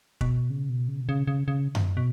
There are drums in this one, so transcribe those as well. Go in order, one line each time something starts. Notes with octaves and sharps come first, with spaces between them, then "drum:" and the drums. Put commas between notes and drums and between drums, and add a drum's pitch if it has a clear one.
B2, drum: kick
C#3
B2
C#3
B2
C#3
C#3
C#3
drum: tom F#2
B2